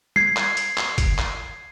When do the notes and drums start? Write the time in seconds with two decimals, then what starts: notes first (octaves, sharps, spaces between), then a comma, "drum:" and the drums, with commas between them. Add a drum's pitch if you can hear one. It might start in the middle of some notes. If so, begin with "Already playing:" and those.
0.16 G#6 C7, drum: tom
0.36 drum: clap
0.57 drum: hi-hat
0.77 drum: clap
0.98 drum: kick G1, hi-hat
1.18 drum: clap